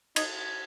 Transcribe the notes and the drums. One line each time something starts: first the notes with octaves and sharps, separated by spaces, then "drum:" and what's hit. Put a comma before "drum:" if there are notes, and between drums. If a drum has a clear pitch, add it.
D#4 G#6, drum: cymbal